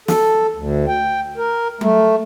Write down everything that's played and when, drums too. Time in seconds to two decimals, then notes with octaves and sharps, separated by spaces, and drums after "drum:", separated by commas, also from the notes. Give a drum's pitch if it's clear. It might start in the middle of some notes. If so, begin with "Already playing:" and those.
0.08 A4, drum: snare
0.56 D2
0.88 G5
1.37 A#4
1.81 A3, drum: tom F#3